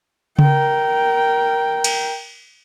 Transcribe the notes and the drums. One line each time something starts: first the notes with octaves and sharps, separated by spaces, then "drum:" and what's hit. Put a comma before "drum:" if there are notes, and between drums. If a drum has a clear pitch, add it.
A#4 G5, drum: tom C#3
drum: cymbal